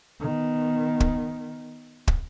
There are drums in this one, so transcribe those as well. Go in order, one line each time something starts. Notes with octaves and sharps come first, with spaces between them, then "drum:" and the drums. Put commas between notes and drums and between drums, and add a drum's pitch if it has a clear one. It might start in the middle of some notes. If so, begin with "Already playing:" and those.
D#3 B3
drum: kick
drum: kick